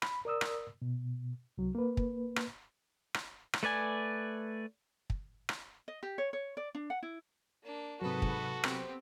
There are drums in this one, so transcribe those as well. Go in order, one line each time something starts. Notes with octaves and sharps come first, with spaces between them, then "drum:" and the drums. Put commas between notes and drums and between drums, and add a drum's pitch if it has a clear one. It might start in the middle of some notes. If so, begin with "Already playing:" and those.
B5, drum: rim click
A#4 D5 D#6 E6
drum: rim click
B2
C2 F#3
A#3 B4
drum: kick
drum: rim click
drum: rim click
drum: rim click
A3 B4 D5 G#5
drum: kick
drum: rim click
D#5
G4
C#5
C#5
D5
D4
F#5
E4
A#3 D4
G#2 C3 F#3 F#4 A4 B4 D#6
drum: kick
B3 C4 G4, drum: rim click